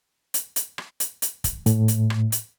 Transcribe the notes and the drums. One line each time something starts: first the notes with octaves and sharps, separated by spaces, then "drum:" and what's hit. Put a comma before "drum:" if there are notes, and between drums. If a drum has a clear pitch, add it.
drum: hi-hat
drum: hi-hat
drum: rim click
drum: hi-hat
drum: hi-hat
drum: kick, hi-hat
A2, drum: hi-hat
drum: hi-hat
drum: rim click
drum: hi-hat